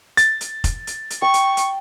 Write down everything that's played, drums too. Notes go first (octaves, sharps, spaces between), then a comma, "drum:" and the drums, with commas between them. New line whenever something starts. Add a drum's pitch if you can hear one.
A6, drum: hi-hat
drum: hi-hat
drum: kick F1, hi-hat
drum: hi-hat
drum: hi-hat
G5 C#6
drum: hi-hat
drum: hi-hat